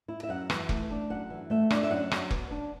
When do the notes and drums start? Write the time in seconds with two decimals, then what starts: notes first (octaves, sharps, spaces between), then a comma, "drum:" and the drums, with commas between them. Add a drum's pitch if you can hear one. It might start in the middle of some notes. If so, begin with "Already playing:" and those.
0.08 E4
0.23 E5
0.29 F#2 F#5
0.50 E3, drum: rim click
0.69 A3, drum: kick F1
0.90 D4
1.10 F#2 F#5
1.30 E3
1.50 A3 E5
1.70 D4 D5, drum: rim click
1.83 E5
1.91 F#2 F#5
2.11 F#3, drum: rim click
2.31 B3, drum: kick F1
2.51 D4